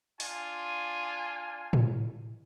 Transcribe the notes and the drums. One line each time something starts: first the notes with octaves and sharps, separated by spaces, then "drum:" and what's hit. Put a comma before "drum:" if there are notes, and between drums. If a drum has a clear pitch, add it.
D4 F4 G#5, drum: open hi-hat
drum: tom A2